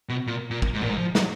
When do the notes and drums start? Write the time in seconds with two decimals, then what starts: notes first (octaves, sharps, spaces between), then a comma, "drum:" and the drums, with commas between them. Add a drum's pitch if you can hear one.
0.09 B2
0.27 A#2
0.50 A#2
0.62 drum: kick
0.74 G#2
0.82 A#2, drum: tom G#2
0.89 G#2
0.98 F3
1.15 F#3, drum: snare